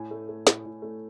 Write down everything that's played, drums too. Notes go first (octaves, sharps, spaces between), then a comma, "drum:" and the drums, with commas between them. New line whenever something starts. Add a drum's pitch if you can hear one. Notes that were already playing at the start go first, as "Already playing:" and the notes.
Already playing: A2 G#5
A3
A3
A2, drum: snare
A2
A3